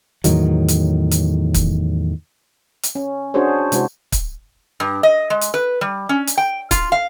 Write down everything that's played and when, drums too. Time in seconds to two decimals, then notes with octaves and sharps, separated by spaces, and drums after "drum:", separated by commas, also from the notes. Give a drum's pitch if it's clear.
0.24 E2 A2 D#3 F#3, drum: hi-hat
0.68 drum: hi-hat
1.11 drum: hi-hat
1.54 drum: kick, hi-hat
2.83 drum: hi-hat
2.95 C#4
3.34 C#4 D4 F#4 G#4 C5 C#5
3.72 C3 G#3 E4 F#4 C5, drum: hi-hat
4.12 drum: kick, hi-hat
4.80 G2
5.03 D#5
5.30 G#3
5.41 drum: hi-hat
5.54 B4
5.81 G3
6.09 C#4
6.27 drum: hi-hat
6.37 G5
6.71 F4, drum: kick, hi-hat
6.92 F5